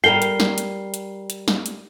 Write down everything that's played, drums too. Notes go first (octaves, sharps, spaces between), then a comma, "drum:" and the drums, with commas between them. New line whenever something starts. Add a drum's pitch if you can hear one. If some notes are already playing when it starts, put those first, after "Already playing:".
G3 A#4 G5 C7 G7
drum: hi-hat
drum: snare
drum: hi-hat
drum: hi-hat
drum: hi-hat
drum: snare
drum: hi-hat